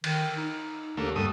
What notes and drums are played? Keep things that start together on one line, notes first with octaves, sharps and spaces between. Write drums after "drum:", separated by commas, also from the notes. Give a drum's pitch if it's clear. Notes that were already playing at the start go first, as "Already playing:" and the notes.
D#3, drum: cymbal
D#4
D#2 D3 A3 A#3
G2 A3 D#6